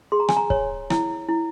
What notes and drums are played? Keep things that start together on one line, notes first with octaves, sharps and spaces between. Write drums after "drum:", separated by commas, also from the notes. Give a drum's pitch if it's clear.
G#4 C6
A#5
G#5, drum: rim click
A#5
C#5, drum: kick
E4, drum: rim click
E4